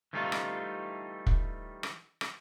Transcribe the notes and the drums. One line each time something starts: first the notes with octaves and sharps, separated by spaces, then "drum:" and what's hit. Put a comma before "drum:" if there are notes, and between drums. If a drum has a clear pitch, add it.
E3 G3 A3 D#4 F4
drum: rim click
drum: kick
drum: rim click
drum: rim click